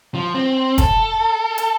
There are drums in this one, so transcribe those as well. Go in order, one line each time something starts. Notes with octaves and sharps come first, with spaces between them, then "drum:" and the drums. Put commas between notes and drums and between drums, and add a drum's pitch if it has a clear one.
F3
C4
A4, drum: kick, hi-hat
drum: hi-hat